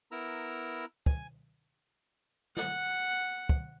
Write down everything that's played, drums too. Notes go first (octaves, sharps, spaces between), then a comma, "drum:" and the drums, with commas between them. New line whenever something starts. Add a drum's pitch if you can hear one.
B3 E4 A#4 A#5 E6
G#5, drum: kick
F#5, drum: snare
drum: kick